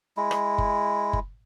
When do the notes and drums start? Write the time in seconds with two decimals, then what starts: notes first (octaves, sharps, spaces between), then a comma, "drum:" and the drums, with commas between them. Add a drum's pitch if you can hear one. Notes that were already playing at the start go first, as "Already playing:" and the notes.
0.17 G#3 E4
0.31 drum: rim click
0.58 drum: kick F#1
1.13 drum: kick F#1